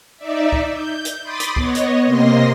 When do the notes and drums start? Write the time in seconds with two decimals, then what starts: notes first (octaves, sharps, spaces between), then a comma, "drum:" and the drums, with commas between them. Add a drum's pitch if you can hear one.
0.18 D#4 D5 E5
0.53 drum: kick C#2
0.73 G6
1.05 drum: hi-hat
1.23 B5 C6 D6 D#6 A6
1.40 drum: hi-hat
1.56 B3 C#5 D#5, drum: kick C#2
1.75 drum: hi-hat
2.06 C3 A#3 D#5 C6 A#6